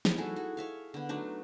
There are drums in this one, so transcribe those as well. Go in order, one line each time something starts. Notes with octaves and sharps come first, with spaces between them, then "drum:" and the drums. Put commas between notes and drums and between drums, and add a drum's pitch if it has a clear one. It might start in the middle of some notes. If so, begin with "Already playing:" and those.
D#4 E4, drum: snare
F#4 G#4 A4
F#4
C#5 E5 F5
D3 B3
F#3 A3 D4 D#4